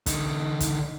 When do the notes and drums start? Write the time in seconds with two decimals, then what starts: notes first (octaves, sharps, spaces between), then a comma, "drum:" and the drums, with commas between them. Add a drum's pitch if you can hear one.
0.06 D3 D#4, drum: kick, hi-hat
0.60 drum: kick, hi-hat